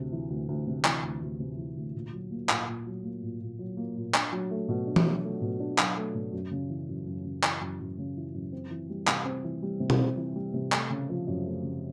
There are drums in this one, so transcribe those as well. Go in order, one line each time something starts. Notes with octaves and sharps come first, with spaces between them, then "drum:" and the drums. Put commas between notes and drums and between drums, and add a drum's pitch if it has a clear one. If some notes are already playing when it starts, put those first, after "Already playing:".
Already playing: D2 C3
E3
D2
D2
C3
E3, drum: clap
D2
D2
C3
E3
D2
A#2
F#3
A#3
A#2, drum: clap
A#2
F#3
A#3
A#2
A#2
F#3
A#3
A#2
D4, drum: clap
F#3
A3
B2
D4
drum: tom E3
F#3
A3
B2
D4
F#3, drum: clap
A3
B2
F#2
C#3
E3
F#2
F#2
C#3
E3, drum: clap
F#2
F#2
C#3
E3
F#2
C4
E3
G3
C3, drum: clap
C4
E3
G3
C3
drum: tom B2
C4
E3
G3
C3
A3, drum: clap
C#3
F3
F#2
A3
C#3